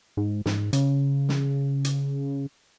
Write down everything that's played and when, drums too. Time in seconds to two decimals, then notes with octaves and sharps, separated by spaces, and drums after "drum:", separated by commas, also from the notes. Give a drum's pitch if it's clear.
0.17 G#2
0.46 G#2, drum: snare
0.73 C#3, drum: hi-hat
1.29 drum: snare
1.85 drum: hi-hat